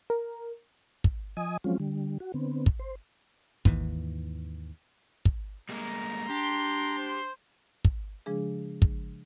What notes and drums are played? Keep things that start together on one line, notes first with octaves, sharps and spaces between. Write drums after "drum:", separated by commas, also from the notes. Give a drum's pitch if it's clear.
A#4
drum: kick
F3 D#5 G#5 D#6
F3 F#3 G#3 C4 C#4 F4
D3 G3
F#4
D3 B3 C4
drum: kick
C5
D#2 G#2 E3, drum: kick
drum: kick
G3 G#3 A#3 A#5
D4 G4 C6
C5
drum: kick
C#3 F3 G#3 D4 G#4
drum: kick